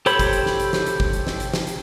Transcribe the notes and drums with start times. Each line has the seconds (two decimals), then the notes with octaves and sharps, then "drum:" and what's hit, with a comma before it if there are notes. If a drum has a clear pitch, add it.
0.06 G4 A4 C5 C#5 B5, drum: hi-hat
0.19 drum: kick G#1, hi-hat
0.33 drum: hi-hat
0.46 drum: snare
0.60 drum: hi-hat
0.73 drum: snare
0.86 drum: hi-hat
1.00 drum: kick G#1
1.13 drum: hi-hat
1.27 drum: snare
1.40 drum: hi-hat
1.53 drum: snare
1.67 drum: hi-hat